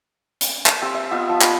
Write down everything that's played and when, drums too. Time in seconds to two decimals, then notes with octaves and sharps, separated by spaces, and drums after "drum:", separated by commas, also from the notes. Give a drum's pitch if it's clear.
0.41 drum: hi-hat
0.66 drum: clap
0.82 C4 G4
0.94 E5
1.11 B3 F4 D#5 E5
1.29 F3
1.41 B5, drum: clap